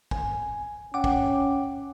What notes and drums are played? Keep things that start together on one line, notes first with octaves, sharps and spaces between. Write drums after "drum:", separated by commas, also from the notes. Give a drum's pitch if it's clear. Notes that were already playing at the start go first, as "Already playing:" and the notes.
G#5, drum: kick
C#4 F#5 G5 D6
drum: kick